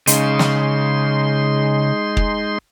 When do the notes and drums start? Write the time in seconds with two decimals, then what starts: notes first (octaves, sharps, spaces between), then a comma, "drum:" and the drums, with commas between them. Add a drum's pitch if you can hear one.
0.07 C#3 G#3 D#4 C6, drum: hi-hat
0.39 drum: snare
2.17 drum: kick